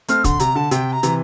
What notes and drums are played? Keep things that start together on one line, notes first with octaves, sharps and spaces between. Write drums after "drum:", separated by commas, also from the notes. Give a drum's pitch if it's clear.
A3 C4 F6, drum: hi-hat
D3 C6, drum: kick, hi-hat
C3 A#5, drum: hi-hat
D3 A5
C3 G5, drum: hi-hat
A#5
C3 E3, drum: hi-hat